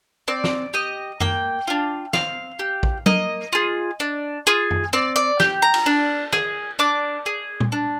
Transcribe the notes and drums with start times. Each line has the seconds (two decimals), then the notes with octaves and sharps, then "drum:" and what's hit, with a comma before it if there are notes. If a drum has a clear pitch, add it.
0.28 C4 D5
0.44 drum: snare
0.74 G4 D#5
1.20 A#3 G5, drum: tom F#2
1.67 D4 F4
2.13 C4 F5, drum: snare
2.59 G4
2.83 drum: kick A#1
3.06 A#3 D#5, drum: tom
3.53 F4 G#4
4.00 D4
4.47 F4 G#4
4.71 drum: tom F#2
4.93 C4 D5
5.16 D5
5.40 G4, drum: snare
5.62 A#5
5.74 drum: cymbal
5.86 D4
6.33 G#4, drum: rim click
6.79 D4 D6
7.26 G#4
7.60 drum: tom A#2
7.72 D4